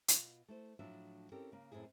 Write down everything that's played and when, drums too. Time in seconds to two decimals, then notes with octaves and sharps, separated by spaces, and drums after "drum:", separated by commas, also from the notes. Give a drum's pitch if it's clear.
0.08 B2 F4, drum: hi-hat
0.48 A3 E4 C5
0.79 A2 F3 F#3 D4 E5
1.32 C4 C#4 E4 G4 A4 A#4
1.52 C#3 A#3
1.72 F#2 A2 C4 E4 G#4